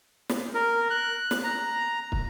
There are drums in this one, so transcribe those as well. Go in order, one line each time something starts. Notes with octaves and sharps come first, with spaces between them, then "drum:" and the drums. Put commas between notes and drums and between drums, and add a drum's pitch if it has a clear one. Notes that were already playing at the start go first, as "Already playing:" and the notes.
drum: snare
A#4
F#6
drum: snare
A#5
drum: kick